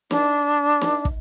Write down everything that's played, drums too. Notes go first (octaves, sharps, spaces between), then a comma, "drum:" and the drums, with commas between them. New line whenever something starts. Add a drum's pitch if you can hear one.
D4, drum: snare
drum: snare
drum: kick